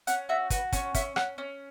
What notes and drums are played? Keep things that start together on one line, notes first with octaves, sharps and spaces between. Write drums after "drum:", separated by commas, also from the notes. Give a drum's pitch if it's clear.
C#4 F#5, drum: hi-hat
F#4 E5
F#4 B4, drum: kick, hi-hat
C#4 C#5, drum: kick, hi-hat
C#4 E5, drum: kick, hi-hat
C#4 F#5, drum: rim click
C#4